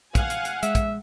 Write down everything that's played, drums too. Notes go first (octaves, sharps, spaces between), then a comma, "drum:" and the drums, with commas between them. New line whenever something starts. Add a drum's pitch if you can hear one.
F5 F#5 G#5, drum: kick, hi-hat
drum: hi-hat
drum: hi-hat
G#3 E5, drum: hi-hat
drum: kick, hi-hat